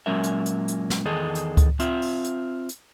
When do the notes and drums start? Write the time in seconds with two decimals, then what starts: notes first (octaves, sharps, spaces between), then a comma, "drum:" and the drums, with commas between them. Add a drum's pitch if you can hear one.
0.06 A#2 F#3 G#3 C#4 A#4 E5
0.23 drum: hi-hat
0.46 drum: hi-hat
0.68 drum: hi-hat
0.90 drum: snare
1.05 E2 D#3 G#4 A4 D#5
1.35 drum: hi-hat
1.57 drum: kick C#2, hi-hat
1.80 C4 F4 E5, drum: hi-hat
2.02 drum: open hi-hat
2.24 drum: hi-hat
2.69 drum: hi-hat